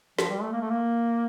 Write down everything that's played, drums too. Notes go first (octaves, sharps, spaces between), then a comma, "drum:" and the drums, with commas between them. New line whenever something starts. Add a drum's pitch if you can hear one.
F3, drum: snare
G3
A3
A#3
A3
A#3